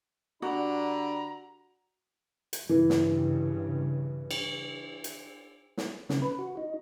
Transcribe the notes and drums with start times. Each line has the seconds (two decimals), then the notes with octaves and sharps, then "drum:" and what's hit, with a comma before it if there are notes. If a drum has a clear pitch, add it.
0.42 D3 D4 F#4 G4 A#5 B5
2.53 drum: hi-hat
2.69 G2 C#3 E3
2.90 drum: snare
4.31 drum: cymbal
5.04 drum: hi-hat
5.77 drum: snare
6.09 C#3, drum: snare
6.22 B4
6.39 F#4
6.57 D#4